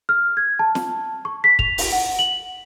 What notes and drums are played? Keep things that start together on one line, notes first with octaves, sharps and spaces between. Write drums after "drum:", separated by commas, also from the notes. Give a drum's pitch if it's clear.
F6
G#6
A5
drum: snare
C#6
B6
F7, drum: kick
drum: open hi-hat
F#5
F#7